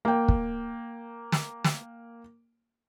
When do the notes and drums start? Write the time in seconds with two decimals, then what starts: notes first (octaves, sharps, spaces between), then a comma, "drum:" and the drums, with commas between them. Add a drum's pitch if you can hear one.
0.05 A#3 G5
0.28 drum: kick
1.32 drum: snare
1.64 drum: snare